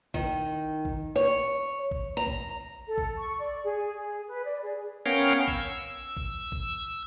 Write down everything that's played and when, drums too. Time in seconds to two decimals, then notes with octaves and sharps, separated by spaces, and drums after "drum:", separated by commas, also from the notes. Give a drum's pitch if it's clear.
0.14 D#3, drum: kick A1
0.85 drum: kick A1
1.16 C#5
1.91 drum: kick A1
2.17 A#5
2.27 drum: kick A1
2.88 A4
2.98 drum: kick A1
3.18 C#6
3.39 D5
3.64 G#4
3.96 G#4
4.28 B4
4.45 D5
4.62 G#4
5.06 B3 C#4 A#4 C#5 F5 G5
5.48 E6, drum: kick A1
6.17 drum: kick A1
6.52 drum: kick A1